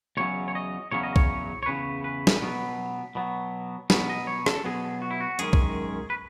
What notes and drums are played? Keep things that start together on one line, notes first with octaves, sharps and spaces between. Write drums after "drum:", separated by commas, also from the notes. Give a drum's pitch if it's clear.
E2 C#3 F#3 C#4 C#5
C#5
D#5
E2 C#3 F#3 C#4 C#5
D#5
C#5, drum: kick
C#5
E2 C#3 F#3 C#4 B4
B4
drum: snare
B2 F#3 B3
B2 F#3 B3
B2 F#3 B3, drum: snare
D#5
C#5
A4, drum: rim click
B2 F#3 B3 G#4
F#4
E4
F#4
F#2 D#3 G#3 C#4 G#4, drum: hi-hat
drum: kick
B4